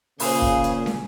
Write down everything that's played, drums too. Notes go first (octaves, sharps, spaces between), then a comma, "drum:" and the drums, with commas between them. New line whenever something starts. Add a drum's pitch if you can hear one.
A#2 C#3 G#4 C5, drum: open hi-hat
drum: kick
drum: hi-hat
drum: snare